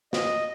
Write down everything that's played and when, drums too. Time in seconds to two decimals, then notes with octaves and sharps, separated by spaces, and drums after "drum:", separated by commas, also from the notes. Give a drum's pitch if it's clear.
0.13 D#5, drum: snare